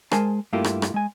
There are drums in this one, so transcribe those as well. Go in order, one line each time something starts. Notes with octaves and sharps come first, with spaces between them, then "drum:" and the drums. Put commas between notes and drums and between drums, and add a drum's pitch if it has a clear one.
G#3 A#4 C5 G#5 A5, drum: rim click
G2 A3 A#3 E4 F4 G4
drum: rim click
drum: rim click
G#3 G#5